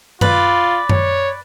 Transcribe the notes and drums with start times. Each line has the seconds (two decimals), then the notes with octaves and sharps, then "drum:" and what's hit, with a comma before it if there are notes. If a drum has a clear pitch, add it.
0.21 F4 B4 D5, drum: tom F#2
0.89 C#5, drum: tom F#2